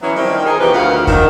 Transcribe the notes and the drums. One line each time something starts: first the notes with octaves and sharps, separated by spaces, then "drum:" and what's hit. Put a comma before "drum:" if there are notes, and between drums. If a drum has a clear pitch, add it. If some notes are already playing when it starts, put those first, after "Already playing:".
E3 F#3 B3 C#4 E4
D#3 F3 G3 C4 D#4 E4
D#4 G#4
B2 E3 F3 G4 B4
D2 D#3 F3 F5 F#5
D#3 D4, drum: kick